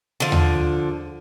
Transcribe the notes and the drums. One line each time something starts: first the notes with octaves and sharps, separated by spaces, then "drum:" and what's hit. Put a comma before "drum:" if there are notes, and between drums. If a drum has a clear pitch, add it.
D3 F3
drum: tom D#2